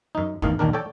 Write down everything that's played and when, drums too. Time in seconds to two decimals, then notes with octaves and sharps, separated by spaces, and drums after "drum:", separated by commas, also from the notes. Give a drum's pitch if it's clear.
0.15 F#2 D#4
0.42 A1 E2 D#3 E3 D#4 F5, drum: kick
0.59 A#1 D#2 D#3 D4 A#4
0.73 A4 C#5 D5 G5 A5